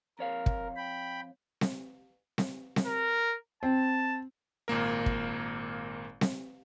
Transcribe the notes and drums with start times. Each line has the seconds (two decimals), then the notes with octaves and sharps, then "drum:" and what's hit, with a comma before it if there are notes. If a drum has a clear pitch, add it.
0.19 F2 A#4 C#5 F5
0.46 drum: kick
0.76 G5 B5
1.61 drum: snare C4
2.38 drum: snare C4
2.76 drum: snare C4
2.86 A#4
3.63 C4 A5
4.68 G#1 A#2 A#3 A#4
5.06 drum: kick
6.21 drum: snare C4